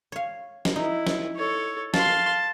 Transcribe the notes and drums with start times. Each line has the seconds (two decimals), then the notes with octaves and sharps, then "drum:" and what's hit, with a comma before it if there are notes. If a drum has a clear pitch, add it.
0.12 C#5 F5
0.65 drum: snare
0.76 D#4 E4
1.07 drum: snare
1.36 A4 C#5
1.94 F5 A5 C6, drum: snare